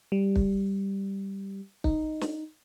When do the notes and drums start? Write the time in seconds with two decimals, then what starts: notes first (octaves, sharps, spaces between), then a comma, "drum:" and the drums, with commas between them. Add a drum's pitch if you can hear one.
0.12 G3
0.36 drum: kick
1.84 D#4, drum: kick
2.21 drum: snare